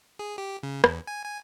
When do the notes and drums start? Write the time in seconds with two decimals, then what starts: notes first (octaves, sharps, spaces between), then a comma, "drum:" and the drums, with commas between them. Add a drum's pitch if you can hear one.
0.19 G#4
0.38 G4
0.63 C#3
0.84 E2, drum: rim click
1.07 G#5
1.25 G#5